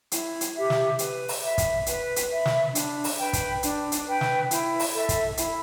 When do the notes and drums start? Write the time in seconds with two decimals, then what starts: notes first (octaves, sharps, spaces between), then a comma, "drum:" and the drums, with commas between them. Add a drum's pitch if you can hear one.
0.12 E4, drum: hi-hat
0.41 drum: hi-hat
0.55 G4 E5
0.70 drum: snare
0.99 B4, drum: hi-hat
1.29 drum: open hi-hat
1.43 E5 B5
1.58 drum: kick, hi-hat
1.86 B4, drum: hi-hat
2.16 drum: hi-hat
2.31 E5 B5
2.46 drum: snare
2.75 D4, drum: hi-hat
3.04 drum: open hi-hat
3.18 B4 G5 B5
3.33 drum: kick, hi-hat
3.63 D4, drum: hi-hat
3.92 drum: hi-hat
4.06 B4 G5 B5
4.21 drum: snare
4.51 E4, drum: hi-hat
4.79 drum: open hi-hat
4.94 A4 E5
5.09 drum: kick, hi-hat
5.37 E4, drum: hi-hat